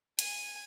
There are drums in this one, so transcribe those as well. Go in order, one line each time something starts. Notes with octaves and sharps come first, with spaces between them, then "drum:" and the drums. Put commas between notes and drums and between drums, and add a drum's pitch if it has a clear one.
G#5, drum: hi-hat